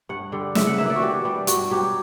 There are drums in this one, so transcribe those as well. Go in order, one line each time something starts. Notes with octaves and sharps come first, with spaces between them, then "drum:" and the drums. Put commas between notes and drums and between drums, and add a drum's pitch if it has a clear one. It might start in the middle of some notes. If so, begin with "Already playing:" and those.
G2 F#5
D3 G3
C#3 E5, drum: snare
F#5
E3 A#3 D4 E5
D5
F#4
E3 G4
G3 B3 D4
G2 F#4, drum: hi-hat
F#3 B3 G4